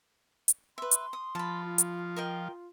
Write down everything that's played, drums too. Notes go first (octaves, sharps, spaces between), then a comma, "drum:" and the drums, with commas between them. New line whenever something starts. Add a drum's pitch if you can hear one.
drum: hi-hat
B4 E5 C6
drum: hi-hat
D#6
F3 A5 B5
F4
drum: hi-hat
A#4 D#5 G5